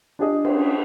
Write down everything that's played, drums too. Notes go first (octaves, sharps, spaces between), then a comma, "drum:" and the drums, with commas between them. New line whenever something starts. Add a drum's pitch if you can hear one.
D4 G4 G#4 D#5
drum: cymbal